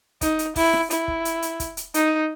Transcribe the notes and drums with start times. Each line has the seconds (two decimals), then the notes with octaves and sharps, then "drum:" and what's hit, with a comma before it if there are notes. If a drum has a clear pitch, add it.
0.21 D#4, drum: kick, hi-hat
0.39 drum: hi-hat
0.56 E4, drum: kick, open hi-hat
0.73 drum: rim click
0.90 E4, drum: hi-hat
1.08 drum: kick
1.25 drum: hi-hat
1.42 drum: hi-hat
1.60 drum: kick, hi-hat
1.77 drum: hi-hat
1.94 D#4, drum: hi-hat